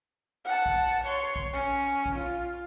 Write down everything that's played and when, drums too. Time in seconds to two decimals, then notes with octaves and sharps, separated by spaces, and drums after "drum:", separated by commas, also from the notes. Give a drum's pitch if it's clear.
0.45 F#5 A5
0.66 drum: kick A#1
1.04 C#5 C6
1.36 drum: kick A#1
1.53 C#4
2.06 drum: kick A#1
2.15 F4